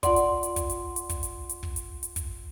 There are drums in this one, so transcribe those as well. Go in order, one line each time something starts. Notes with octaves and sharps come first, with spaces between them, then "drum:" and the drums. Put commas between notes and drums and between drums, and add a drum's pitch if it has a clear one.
F4 D5 F#5 C6, drum: kick, hi-hat
drum: hi-hat
drum: hi-hat
drum: kick, hi-hat
drum: hi-hat
drum: hi-hat
drum: kick, hi-hat
drum: hi-hat
drum: hi-hat
drum: kick
drum: hi-hat
drum: hi-hat
drum: kick, hi-hat